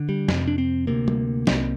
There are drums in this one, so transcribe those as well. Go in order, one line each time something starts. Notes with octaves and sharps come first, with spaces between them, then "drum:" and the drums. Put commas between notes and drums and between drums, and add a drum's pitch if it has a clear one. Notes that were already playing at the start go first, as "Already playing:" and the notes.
Already playing: D3
G3
F2 C3, drum: snare
D4
C4
D2 C3 A#3
drum: tom
C2 C3, drum: snare